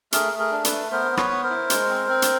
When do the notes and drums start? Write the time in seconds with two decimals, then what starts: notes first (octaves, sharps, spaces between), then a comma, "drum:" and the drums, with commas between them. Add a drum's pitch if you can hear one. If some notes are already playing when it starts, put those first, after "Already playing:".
0.12 A3 G#4 A#4, drum: hi-hat
0.32 A3
0.39 G#4 A#4
0.52 D4
0.65 A4 B4, drum: hi-hat
0.71 A3
0.91 B3 A#4 C5
1.11 B3
1.17 B4 C#5, drum: rim click
1.30 B3
1.43 A#4 C5
1.50 E4
1.70 G#3, drum: hi-hat
1.89 C4
2.09 C4
2.22 drum: hi-hat